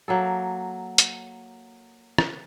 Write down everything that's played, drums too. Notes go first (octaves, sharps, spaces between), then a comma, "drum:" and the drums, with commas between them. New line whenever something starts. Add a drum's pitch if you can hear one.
F#3 A#3 A4
drum: hi-hat
drum: rim click